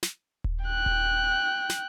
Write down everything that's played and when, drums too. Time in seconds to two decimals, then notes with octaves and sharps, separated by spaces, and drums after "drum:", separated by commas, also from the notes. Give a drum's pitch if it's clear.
0.03 drum: snare
0.44 drum: kick D#1
0.65 G5 F#6
0.86 drum: kick D#1
1.70 drum: snare